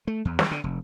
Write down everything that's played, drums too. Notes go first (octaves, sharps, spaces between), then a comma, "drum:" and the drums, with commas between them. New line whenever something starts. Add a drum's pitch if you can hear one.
A3
E2
G3, drum: snare
D3
F1